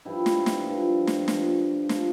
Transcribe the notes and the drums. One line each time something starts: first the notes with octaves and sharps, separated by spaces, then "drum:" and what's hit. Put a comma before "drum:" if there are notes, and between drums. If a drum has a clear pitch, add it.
G2 F3 E4 G4
drum: snare
drum: snare
G2 F3
drum: snare
G2 F3, drum: snare
F3, drum: snare